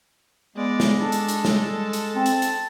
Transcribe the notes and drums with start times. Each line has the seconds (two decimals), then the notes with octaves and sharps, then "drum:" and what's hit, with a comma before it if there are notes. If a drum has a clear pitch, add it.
0.56 G#3 B3 D5
0.80 drum: snare
1.00 D4 A4
1.12 drum: hi-hat
1.28 drum: hi-hat
1.45 G3, drum: snare
1.93 drum: hi-hat
2.16 C4 A5
2.26 drum: hi-hat
2.42 drum: hi-hat